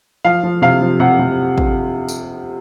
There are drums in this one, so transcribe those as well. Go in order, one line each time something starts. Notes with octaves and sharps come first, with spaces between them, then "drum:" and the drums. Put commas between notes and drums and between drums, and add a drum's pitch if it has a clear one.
F3 F5
F3
C3 F5
F3
C3 F#5
C3
drum: kick
drum: tambourine